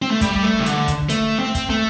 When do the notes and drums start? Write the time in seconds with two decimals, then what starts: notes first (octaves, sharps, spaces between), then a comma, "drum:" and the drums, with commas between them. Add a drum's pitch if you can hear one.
0.02 C4
0.11 A3
0.21 G3, drum: kick, hi-hat
0.43 A3
0.59 C3
0.66 D3, drum: hi-hat
0.88 drum: kick, hi-hat
1.09 A3, drum: hi-hat
1.39 C4
1.55 drum: kick, hi-hat
1.70 A3